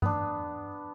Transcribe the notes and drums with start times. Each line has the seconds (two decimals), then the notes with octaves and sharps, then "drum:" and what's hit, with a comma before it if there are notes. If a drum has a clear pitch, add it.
0.02 B3 D4, drum: tom G2